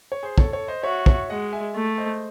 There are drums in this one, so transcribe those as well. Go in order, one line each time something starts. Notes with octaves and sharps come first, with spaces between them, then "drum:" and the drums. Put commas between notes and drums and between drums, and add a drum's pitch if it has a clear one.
C#5
G#4 C5
A4 C#5, drum: kick
A4 C#5
C5 D#5
F#4 C#5 E5
C#5 E5, drum: kick
G#3 D#5 F#5
E5 G#5
A3
C5 D#5